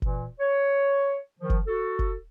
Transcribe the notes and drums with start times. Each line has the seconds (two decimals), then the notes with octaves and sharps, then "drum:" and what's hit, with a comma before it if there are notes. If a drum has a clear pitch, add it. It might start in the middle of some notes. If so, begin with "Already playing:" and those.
0.02 A#2 E3, drum: kick F#1
0.40 C#5
1.39 D#3 F3
1.50 drum: kick F#1
1.67 F#4 A4
1.99 drum: kick F#1